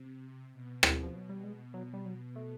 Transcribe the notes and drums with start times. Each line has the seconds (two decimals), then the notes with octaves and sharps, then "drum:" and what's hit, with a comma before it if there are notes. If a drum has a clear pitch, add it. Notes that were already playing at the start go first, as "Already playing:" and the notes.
Already playing: C3
0.52 B2
0.83 drum: rim click
1.03 F3
1.16 F#3
1.29 G3
1.44 G#3
1.74 F#3
1.93 G3
2.05 F#3
2.36 A3